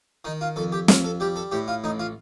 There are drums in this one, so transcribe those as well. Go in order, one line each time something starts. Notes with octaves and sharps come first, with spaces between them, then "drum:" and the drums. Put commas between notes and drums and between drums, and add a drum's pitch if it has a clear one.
D#3 D#4
F4
F2 A4
G4
F2 F4, drum: snare
A4
G3 G4
A4
A2 G4
F4
A1 D#4
F4